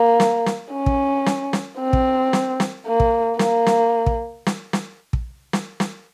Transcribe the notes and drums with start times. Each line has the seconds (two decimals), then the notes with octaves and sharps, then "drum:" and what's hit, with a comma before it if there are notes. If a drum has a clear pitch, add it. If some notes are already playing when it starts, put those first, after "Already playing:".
Already playing: A#3
0.20 drum: snare
0.46 drum: snare
0.73 C#4
0.86 drum: kick
1.26 drum: snare
1.53 drum: snare
1.79 C4
1.93 drum: kick
2.33 drum: snare
2.60 drum: snare
2.86 A#3
3.00 drum: kick
3.39 A#3, drum: snare
3.66 drum: snare
4.06 drum: kick
4.46 drum: snare
4.73 drum: snare
5.13 drum: kick
5.53 drum: snare
5.80 drum: snare